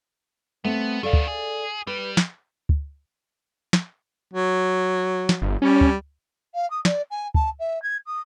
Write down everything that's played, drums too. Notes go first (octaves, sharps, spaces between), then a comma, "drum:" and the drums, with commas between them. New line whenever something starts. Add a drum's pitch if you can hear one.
A3 B3 C4
D#3 B3 A4 D5 F5
drum: kick
G#4
G3 B4
drum: snare
drum: kick
drum: snare
F#3
drum: snare
G1
G3 C#4
drum: kick
F5
D#6
D5, drum: snare
G#5
A5, drum: kick
E5
G#6
D#6